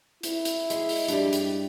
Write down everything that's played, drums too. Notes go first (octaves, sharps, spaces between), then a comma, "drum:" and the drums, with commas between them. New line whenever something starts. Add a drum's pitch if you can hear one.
E4, drum: hi-hat
drum: hi-hat
G#3, drum: hi-hat
drum: open hi-hat
G2 G3, drum: hi-hat
drum: hi-hat